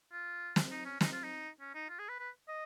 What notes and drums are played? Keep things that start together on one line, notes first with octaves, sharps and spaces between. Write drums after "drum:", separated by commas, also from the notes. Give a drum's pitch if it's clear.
F4
drum: snare
D#4
C#4
D#4, drum: snare
F4
D#4
C#4
D#4
F4
G#4
B4
B4
D#5